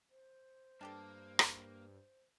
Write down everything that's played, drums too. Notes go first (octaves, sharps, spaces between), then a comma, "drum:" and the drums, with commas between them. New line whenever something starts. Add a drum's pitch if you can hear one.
C5
G2 A#3 D4 G4 A4
drum: rim click